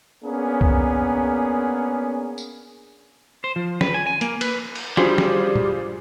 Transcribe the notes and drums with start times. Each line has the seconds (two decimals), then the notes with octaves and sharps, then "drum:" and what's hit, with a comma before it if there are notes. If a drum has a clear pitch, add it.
0.24 A#3 B3 C#4 D4 G#4 A#4
0.61 drum: kick C2
2.38 drum: tambourine
3.44 C5
3.56 F3
3.81 B4, drum: snare
3.94 G#5
4.07 G#5
4.21 A#3, drum: hi-hat
4.41 B4, drum: cymbal
4.75 drum: cymbal
4.97 G3 D4 F4 F#4 G#4 C5, drum: snare
5.18 drum: snare
5.56 drum: tom